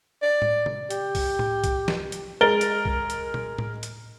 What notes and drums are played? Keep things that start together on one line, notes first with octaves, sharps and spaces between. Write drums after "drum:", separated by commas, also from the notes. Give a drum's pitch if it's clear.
D5
drum: tom A2
drum: tom C3
G4, drum: hi-hat
drum: kick B1, open hi-hat
drum: tom A2
drum: kick B1, hi-hat
drum: snare
drum: hi-hat
G#3 A#4 A6 G7
drum: hi-hat
drum: kick B1
drum: hi-hat
drum: tom
drum: tom A2
drum: hi-hat